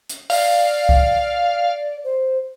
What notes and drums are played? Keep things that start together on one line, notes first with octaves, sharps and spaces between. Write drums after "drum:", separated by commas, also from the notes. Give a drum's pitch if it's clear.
drum: hi-hat
D5 F5, drum: open hi-hat
drum: kick C2
C5